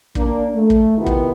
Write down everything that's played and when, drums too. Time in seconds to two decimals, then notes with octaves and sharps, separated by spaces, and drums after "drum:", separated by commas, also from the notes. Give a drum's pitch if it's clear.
0.15 A#3 D4, drum: kick
0.53 A3
0.70 drum: kick
0.97 C3 D#3 B3 E4 F4 G4
1.06 drum: kick